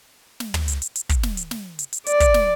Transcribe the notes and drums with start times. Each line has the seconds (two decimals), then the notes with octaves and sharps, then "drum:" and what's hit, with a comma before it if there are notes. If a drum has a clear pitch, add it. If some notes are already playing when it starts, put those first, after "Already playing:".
0.40 drum: snare
0.54 drum: tom
0.68 drum: hi-hat
0.82 drum: hi-hat
0.96 drum: hi-hat
1.09 drum: kick, hi-hat
1.23 drum: snare
1.37 drum: hi-hat
1.51 drum: snare
1.79 drum: hi-hat
1.93 drum: hi-hat
2.06 D5, drum: hi-hat
2.20 drum: kick, hi-hat
2.34 drum: snare